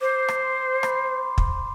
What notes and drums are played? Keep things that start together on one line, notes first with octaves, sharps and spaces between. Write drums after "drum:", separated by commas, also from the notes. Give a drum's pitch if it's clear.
C5 D6
drum: rim click
C6
B5, drum: rim click
C6
B5
drum: kick